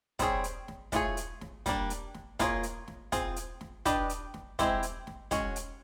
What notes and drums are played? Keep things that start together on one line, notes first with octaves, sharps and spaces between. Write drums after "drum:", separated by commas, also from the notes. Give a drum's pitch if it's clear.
G3 C4 D#4 G#4 C#5, drum: kick, hi-hat
drum: hi-hat
drum: snare
A3 D4 F4 G#4 C#5, drum: kick, hi-hat
drum: hi-hat
drum: snare
G3 A#3 D4, drum: kick, hi-hat
drum: hi-hat
drum: snare
A#3 D4 F4 G#4 C#5, drum: kick, hi-hat
drum: hi-hat
drum: snare
C4 F4 G#4, drum: kick, hi-hat
drum: hi-hat
drum: snare
D4 G4 B4 D#5, drum: kick, hi-hat
drum: hi-hat
drum: snare
G#3 C4 E4 G4 C5, drum: kick, hi-hat
drum: hi-hat
drum: snare
G#3 C#4 F#4, drum: kick, hi-hat
drum: hi-hat